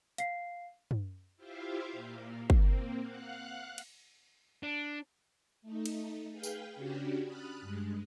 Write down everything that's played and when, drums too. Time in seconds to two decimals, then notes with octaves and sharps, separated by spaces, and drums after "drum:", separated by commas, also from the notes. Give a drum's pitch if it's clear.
0.18 F5 C7, drum: hi-hat
0.91 drum: tom
1.36 E4 F4 G4 C5 E5 F5
1.92 A#2 A#3
2.50 A#3 C4, drum: kick
3.02 F5 F#5 F#6
3.78 drum: cymbal
4.63 D4
5.62 A3 D#4
5.86 drum: cymbal
6.32 G#4 B4 F5 G5 G6
6.43 drum: tambourine
6.76 C#3 C#4 D4 F#4 G4
7.23 B5 D#6 F6 F#6 A6
7.61 G2 G#3